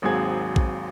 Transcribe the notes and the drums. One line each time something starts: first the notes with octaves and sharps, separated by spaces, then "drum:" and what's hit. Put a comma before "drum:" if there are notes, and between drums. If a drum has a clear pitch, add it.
G#1 D#2 F#3 C4 G#4 G#6
drum: kick A#1